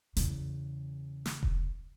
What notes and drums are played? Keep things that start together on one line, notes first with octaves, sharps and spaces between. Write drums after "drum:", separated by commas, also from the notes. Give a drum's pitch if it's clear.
E2 C#3, drum: hi-hat
drum: snare
drum: kick E1